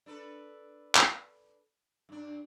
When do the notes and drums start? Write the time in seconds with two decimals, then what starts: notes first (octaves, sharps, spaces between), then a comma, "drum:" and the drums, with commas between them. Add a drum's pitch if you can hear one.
0.06 D4 A4 B4
0.95 drum: clap
2.09 G2 D4